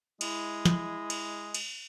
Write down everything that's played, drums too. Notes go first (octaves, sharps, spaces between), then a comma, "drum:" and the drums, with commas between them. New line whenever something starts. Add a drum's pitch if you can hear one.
G#3 E4, drum: cymbal
drum: snare
drum: cymbal
drum: cymbal